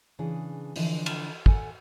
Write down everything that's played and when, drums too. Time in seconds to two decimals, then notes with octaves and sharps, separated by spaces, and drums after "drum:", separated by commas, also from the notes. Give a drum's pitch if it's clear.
0.19 C#3 E3 D4 G#4
0.76 D3 E3 F3 D4, drum: open hi-hat
1.06 drum: cymbal
1.46 D#2 A4 F#5 G#5, drum: kick